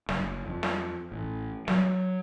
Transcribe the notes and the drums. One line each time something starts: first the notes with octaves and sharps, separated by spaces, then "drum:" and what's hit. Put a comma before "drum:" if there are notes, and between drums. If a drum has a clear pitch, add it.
F#1, drum: snare
F2
drum: snare
A1
F#3, drum: snare